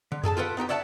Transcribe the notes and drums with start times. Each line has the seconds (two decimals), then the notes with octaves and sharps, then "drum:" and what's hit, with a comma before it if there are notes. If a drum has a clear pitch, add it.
0.12 D3
0.24 G#4 A4 G#5 A5, drum: tom F2
0.37 F4 G4 A4 B4 F#5
0.57 B3 D#4 F#4 G4
0.69 C#5 D5 E5 F#5 G5 A5